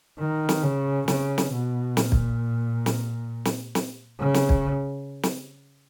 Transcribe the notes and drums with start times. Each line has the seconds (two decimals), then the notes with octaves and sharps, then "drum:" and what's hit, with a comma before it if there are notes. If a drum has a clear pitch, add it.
0.19 D#3
0.49 drum: snare
0.63 C#3
1.08 C#3, drum: snare
1.38 drum: snare
1.53 B2
1.97 A#2, drum: snare
2.12 drum: kick
2.86 drum: snare
3.45 drum: snare
3.75 drum: snare
4.19 C#3
4.34 drum: snare
4.49 drum: kick
5.23 drum: snare